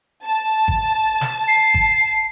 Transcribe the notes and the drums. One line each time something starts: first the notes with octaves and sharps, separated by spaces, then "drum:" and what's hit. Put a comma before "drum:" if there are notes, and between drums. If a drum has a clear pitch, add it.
A5
drum: kick G#1
drum: snare
C7
drum: kick G#1